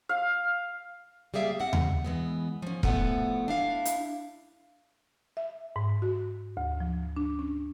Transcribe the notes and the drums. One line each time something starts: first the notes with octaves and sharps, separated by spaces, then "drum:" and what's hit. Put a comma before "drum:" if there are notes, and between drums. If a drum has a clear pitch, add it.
F5
G3 A#3 G#4 E5 F5
C4 F#5
drum: tom D#2
E3 G#3 B3
F3 C#4
A2 F3 A3 B3 F#5 G#5, drum: kick E1
D4 E4 F5
drum: hi-hat
E5
G#2
F#4
D2
F3
D4
C#4